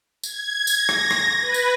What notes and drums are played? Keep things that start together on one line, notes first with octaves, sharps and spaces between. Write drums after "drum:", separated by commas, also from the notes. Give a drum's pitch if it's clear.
G#6, drum: tambourine
drum: tambourine
A#6
drum: rim click
drum: rim click
B4
drum: tambourine